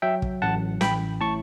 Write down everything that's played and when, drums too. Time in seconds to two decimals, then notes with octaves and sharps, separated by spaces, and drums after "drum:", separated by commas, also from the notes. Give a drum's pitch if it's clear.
0.02 F#3 E5 G5
0.22 drum: kick
0.42 A1 F#5 A5
0.81 A1 G5 B5, drum: snare
1.21 A2 A5 C#6